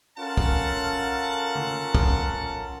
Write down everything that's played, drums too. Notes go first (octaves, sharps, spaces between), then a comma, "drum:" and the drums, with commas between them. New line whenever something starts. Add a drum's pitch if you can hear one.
C#4 F4 A4 A#4 F#5 A5
drum: kick
drum: tom
drum: kick